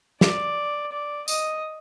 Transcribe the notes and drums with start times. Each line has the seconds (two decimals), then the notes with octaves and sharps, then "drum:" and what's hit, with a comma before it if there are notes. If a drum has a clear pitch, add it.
0.21 D5, drum: snare
0.92 D5
1.28 D#5, drum: tambourine